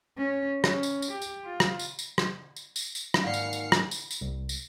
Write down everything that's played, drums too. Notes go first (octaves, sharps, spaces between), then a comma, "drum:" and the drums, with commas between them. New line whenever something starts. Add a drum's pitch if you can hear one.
C#4
C#4, drum: rim click
drum: tambourine
drum: tambourine
G4
drum: tambourine
F4
drum: rim click
drum: tambourine
drum: tambourine
drum: rim click
drum: tambourine
drum: tambourine
drum: tambourine
drum: rim click
G#1 A#3 D5 F5 F#5 F6 C7 C#7
drum: tambourine
drum: tambourine
drum: rim click
drum: tambourine
drum: tambourine
C2
drum: tambourine